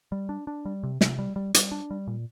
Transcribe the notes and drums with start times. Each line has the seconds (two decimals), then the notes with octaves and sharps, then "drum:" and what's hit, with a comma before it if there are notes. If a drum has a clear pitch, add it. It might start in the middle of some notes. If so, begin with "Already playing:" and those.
0.12 G3
0.29 D4
0.47 D4
0.65 G3
0.83 C3
1.01 C3, drum: snare
1.19 G3
1.36 G3
1.54 G3, drum: hi-hat
1.72 D4
1.91 G3
2.07 A#2